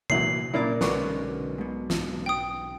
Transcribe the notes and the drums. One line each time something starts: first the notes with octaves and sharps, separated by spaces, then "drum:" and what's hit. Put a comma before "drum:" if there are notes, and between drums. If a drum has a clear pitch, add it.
A#2 E3 F#3 C7 F#7, drum: tom C3
F#2 A#2 C#3 D4 E4 A#4 D5
B1 D3 G#3 C#4 F#4 B4 C#6 D6, drum: snare
G#2 B2
drum: snare
G5 D#6